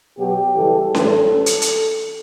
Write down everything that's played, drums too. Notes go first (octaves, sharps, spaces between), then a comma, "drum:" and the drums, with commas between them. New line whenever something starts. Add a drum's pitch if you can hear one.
B2 F#3 G4
C#3 E3 G3 A4
A2 E3 G3 A4, drum: snare C#4
drum: hi-hat
drum: hi-hat